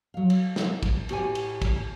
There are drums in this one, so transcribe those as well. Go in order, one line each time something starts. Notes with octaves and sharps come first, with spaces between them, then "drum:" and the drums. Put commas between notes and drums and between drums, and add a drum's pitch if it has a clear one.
F#3 F5
drum: cymbal
drum: snare
drum: kick, cymbal
A2 F#4 G4 B4 G5 G#5, drum: cymbal
drum: cymbal
drum: kick, cymbal